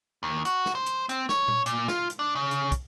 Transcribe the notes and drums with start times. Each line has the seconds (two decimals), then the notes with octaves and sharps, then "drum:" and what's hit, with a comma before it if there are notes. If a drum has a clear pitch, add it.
0.23 D#2
0.45 F#4, drum: hi-hat
0.66 drum: snare
0.75 C5
0.86 drum: hi-hat
1.09 C4, drum: hi-hat
1.29 C#5, drum: snare
1.48 drum: tom A#2
1.66 A#2, drum: hi-hat
1.88 F4, drum: snare
2.10 drum: hi-hat
2.19 D4
2.35 C#3
2.51 drum: hi-hat
2.72 drum: kick, hi-hat